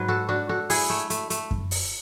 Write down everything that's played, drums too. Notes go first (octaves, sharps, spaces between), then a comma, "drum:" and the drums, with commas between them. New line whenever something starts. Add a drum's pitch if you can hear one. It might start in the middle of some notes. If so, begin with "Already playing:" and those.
Already playing: G#2 F#3 B4
F#4 A4
D4 F#4
F#4 A4
E4 G#4, drum: open hi-hat
A3
A3, drum: hi-hat
A3, drum: hi-hat
drum: kick F#2
drum: open hi-hat